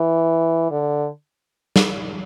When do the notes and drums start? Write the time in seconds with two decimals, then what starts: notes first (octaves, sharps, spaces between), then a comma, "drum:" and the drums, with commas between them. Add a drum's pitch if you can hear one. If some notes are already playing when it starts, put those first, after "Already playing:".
Already playing: E3
0.71 D3
1.76 drum: snare